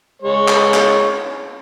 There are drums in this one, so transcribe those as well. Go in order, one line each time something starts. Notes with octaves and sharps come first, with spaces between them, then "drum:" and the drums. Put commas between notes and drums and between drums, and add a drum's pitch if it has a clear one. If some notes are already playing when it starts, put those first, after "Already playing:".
G#3 C#5
drum: clap
drum: clap